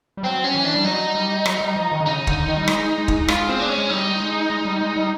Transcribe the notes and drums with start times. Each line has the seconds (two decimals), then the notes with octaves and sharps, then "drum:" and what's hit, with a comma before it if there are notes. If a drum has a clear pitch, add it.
0.17 G3
0.23 F#3 C4
0.44 C#4
0.55 E3
0.65 D4
0.75 G3
0.84 F#3 D#4
1.15 G3
1.46 F#3, drum: rim click
1.61 G3
1.76 F3
1.92 D#3
2.00 D3
2.06 C#3 D#4
2.27 D3, drum: kick
2.47 D#3
2.57 G3
2.68 G#3, drum: rim click
2.98 G#3
3.08 drum: kick
3.28 G#3 F4, drum: rim click
3.49 C4
3.60 D4
3.69 C#4
3.78 G#3
3.90 G3 D#4
4.20 G#3
4.50 G#3
4.65 G3
4.81 G#3
4.96 G3